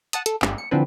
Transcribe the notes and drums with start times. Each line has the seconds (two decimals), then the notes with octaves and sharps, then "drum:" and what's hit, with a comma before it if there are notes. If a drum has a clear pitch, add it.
0.13 F#5 A5 D#6, drum: hi-hat
0.26 A4, drum: hi-hat
0.42 G1 G4, drum: clap
0.58 C#7
0.71 D3 E3 F3 C4 D4 B4